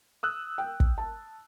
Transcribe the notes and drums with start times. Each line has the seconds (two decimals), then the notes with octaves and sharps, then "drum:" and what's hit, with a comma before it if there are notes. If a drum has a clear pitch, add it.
0.23 D#6 E6 F#6
0.58 G5
0.80 drum: kick
0.98 A5